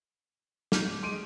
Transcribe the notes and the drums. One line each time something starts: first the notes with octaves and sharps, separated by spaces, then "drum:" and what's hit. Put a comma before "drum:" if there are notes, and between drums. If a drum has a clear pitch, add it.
D6 F6 G6, drum: snare
G#3 C6 D7 D#7